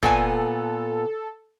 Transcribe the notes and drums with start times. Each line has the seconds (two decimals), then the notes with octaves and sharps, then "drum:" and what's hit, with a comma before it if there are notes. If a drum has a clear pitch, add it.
0.03 A#2 B3 A4 G#5, drum: kick